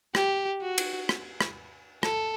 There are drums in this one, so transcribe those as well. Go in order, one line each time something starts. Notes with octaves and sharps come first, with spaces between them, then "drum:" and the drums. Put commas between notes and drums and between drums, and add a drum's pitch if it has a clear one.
G4, drum: rim click
F#4
drum: cymbal
drum: rim click
drum: rim click
A4, drum: rim click